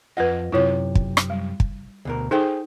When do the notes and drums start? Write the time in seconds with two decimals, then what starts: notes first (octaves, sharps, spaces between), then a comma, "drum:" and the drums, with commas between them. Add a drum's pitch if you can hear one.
0.17 F2 F4 B4 D#5 F#5
0.52 F#2 C3 E4 F4 C#5
0.95 drum: kick
1.17 drum: rim click
1.30 G3
1.60 drum: kick
2.05 D2 B2 A#4
2.31 D#4 G#4 A4 C5 G5